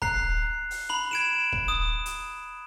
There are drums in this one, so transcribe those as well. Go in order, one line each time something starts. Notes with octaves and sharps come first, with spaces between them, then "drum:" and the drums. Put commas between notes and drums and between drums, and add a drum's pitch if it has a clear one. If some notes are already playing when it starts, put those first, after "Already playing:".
A#5 F#6 C7, drum: kick
drum: open hi-hat
A#5 B5 F#7
G#6 D7 E7
drum: kick
D#6
drum: hi-hat